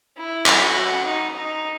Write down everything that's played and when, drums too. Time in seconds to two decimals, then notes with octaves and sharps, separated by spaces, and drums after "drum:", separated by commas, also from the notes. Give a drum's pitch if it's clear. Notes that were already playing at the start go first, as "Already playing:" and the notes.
0.17 E4
0.46 drum: clap
0.61 F#4
1.05 D#4
1.35 D#4